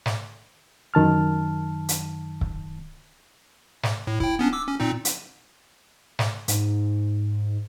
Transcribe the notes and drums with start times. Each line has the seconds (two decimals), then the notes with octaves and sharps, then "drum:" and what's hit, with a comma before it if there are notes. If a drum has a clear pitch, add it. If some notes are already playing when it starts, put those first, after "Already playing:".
0.06 drum: snare
0.94 F#2 D#3 A5 F6
1.89 drum: hi-hat
2.41 drum: kick C#1
3.83 drum: snare
4.07 A2
4.20 E4 G5, drum: kick C#1
4.39 B3 C#4 D4
4.53 D6 E6
4.68 C#4
4.80 A#2 C4 D#4
5.05 drum: hi-hat
6.19 drum: snare
6.48 G#2, drum: hi-hat